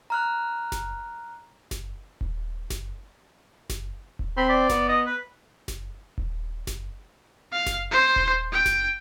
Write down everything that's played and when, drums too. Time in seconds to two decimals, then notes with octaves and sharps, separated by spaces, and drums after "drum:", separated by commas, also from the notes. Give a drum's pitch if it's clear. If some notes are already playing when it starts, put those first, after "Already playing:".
0.10 A#5 F6 F#6
0.72 drum: snare F#1
1.71 drum: snare F#1
2.21 drum: kick D#1
2.70 drum: snare F#1
3.70 drum: snare F#1
4.19 drum: kick D#1
4.37 C4 B5
4.49 D5
4.70 B3, drum: snare F#1
4.89 D#5
5.06 B4
5.68 drum: snare F#1
6.18 drum: kick D#1
6.67 drum: snare F#1
7.52 F5
7.66 drum: snare F#1
7.91 C5
8.16 drum: kick D#1
8.52 G5
8.66 drum: snare F#1